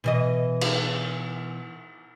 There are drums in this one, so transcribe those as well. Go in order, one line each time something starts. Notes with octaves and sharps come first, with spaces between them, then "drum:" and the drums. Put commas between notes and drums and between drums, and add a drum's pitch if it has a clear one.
B2 E3 D#5
drum: cymbal